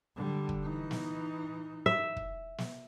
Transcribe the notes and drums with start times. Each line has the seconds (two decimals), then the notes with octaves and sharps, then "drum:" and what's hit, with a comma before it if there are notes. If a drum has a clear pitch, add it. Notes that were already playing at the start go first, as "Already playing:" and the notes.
0.16 D3 G3
0.49 drum: kick
0.63 E3 D#4
0.91 drum: snare
1.86 E5
2.16 drum: kick
2.58 drum: snare